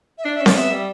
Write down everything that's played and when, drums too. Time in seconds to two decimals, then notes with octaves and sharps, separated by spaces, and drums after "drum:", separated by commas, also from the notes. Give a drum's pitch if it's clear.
0.18 E5
0.24 D4 D5
0.35 E5
0.40 C#4
0.46 D5, drum: snare C4
0.55 B3 E5
0.71 G3